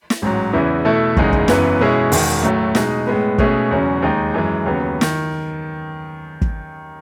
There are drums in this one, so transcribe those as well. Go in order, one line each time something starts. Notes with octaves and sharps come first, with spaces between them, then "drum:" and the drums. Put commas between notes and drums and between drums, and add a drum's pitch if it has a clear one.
drum: snare
A1 G#2 F#3
E2 C#3 E3 B3 E4
B2 A3 E4 A4
F#1 E2 C#3 G#3 D#4, drum: kick
drum: kick
F#1 F#2 E3 B3, drum: snare
B2 G#3 C#4 E4 G#4
E1 E2 D#3, drum: open hi-hat
A2 F#3 A3
B2 G#3 D#4, drum: snare
A2 G#3 B3
B2 A3 C#4 G#4, drum: kick
E2 C#3 F#3 C#4
D#2 D#3 G#3 D#4
F#2 E3 G#3
D#2 C#3 F#3 B3
D#3, drum: snare
drum: kick